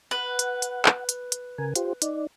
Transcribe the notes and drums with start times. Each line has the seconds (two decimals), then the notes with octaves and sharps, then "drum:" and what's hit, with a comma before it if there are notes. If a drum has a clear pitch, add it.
0.11 B4 F#5
0.39 drum: hi-hat
0.62 drum: hi-hat
0.86 drum: clap
1.09 drum: hi-hat
1.32 drum: hi-hat
1.58 C#3 A#4 G#5
1.76 F4 G4 C5, drum: hi-hat
2.02 D#4 D5, drum: hi-hat